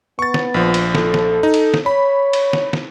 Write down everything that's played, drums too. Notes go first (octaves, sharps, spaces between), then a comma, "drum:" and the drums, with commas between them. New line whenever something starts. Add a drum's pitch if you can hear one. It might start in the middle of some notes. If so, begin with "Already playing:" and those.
B3 C#6 A6
drum: snare
A#1 F3
drum: cymbal
A4, drum: snare
drum: snare
D#4
drum: cymbal
drum: snare
C#5 B5
drum: cymbal
drum: snare
drum: snare